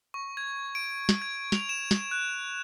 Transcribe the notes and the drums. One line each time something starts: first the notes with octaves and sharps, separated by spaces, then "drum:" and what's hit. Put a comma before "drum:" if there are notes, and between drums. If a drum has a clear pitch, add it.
C#6
G#6
D7
drum: snare
G#6
F7, drum: snare
E7
drum: snare
F#6